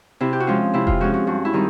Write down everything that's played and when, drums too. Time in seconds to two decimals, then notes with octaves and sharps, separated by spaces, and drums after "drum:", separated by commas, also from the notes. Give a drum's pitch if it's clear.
0.20 C3 E4
0.33 G4
0.40 F#4
0.47 F3 G#3 C#4 F4
0.74 C3 E4
0.87 F4, drum: kick F1
1.00 F3 G#3 C#4 F#4
1.14 F#4
1.27 G2 F#4
1.45 E4
1.53 D#3 G3 C4 D#4